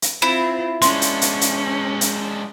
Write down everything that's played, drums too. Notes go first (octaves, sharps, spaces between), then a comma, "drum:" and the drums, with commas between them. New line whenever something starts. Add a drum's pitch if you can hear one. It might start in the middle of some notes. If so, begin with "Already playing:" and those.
drum: hi-hat
C4 E4 F4
G#3 C#4 D4 C6, drum: hi-hat
drum: hi-hat
drum: hi-hat
drum: hi-hat
drum: hi-hat